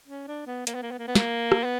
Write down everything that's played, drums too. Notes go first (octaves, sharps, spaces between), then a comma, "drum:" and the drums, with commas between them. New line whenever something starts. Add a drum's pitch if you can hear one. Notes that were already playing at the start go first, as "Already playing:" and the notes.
C#4
D4
B3
A#3, drum: hi-hat
B3
A#3
B3
A#3
B3
A#3, drum: snare
drum: rim click
B3